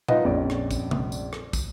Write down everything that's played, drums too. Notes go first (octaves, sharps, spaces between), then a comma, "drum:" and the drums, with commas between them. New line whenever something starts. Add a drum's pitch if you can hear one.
D#4 F4 B4 D#5 F#5, drum: tom
A#1 F2 C#4 D5
drum: rim click
drum: kick, tambourine
drum: tom C3
drum: tambourine
drum: rim click
drum: kick, tambourine